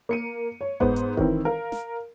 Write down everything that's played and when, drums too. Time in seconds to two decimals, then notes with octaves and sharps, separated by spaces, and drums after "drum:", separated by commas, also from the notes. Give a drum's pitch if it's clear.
0.09 A#3 C#7 D#7
0.61 C#5
0.80 G#2 B3 C5, drum: kick F1
0.96 drum: hi-hat
1.17 D#3 E3 C4 E4, drum: kick F1
1.45 A#4 F5
1.72 drum: snare